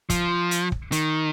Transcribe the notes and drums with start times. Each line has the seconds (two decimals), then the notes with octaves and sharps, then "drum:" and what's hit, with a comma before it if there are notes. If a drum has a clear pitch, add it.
0.10 F3, drum: kick, hi-hat
0.51 drum: hi-hat
0.72 drum: kick
0.92 D#3, drum: hi-hat